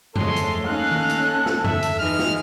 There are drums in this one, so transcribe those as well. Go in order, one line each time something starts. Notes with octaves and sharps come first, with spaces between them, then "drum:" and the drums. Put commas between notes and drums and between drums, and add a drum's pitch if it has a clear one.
F3 G#3 A3 A4 C#5 C6, drum: tom
drum: hi-hat
A#3 C#4 D#4 F5 F#6
drum: tom D#3
drum: hi-hat
drum: snare
E5, drum: tom
drum: hi-hat
E3 G#3 D#4 F6
drum: snare